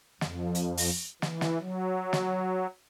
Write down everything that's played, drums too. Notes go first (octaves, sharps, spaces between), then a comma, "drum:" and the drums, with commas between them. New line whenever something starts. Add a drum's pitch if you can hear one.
F2, drum: snare
drum: hi-hat
drum: open hi-hat
E3, drum: snare
drum: snare
F#3
drum: snare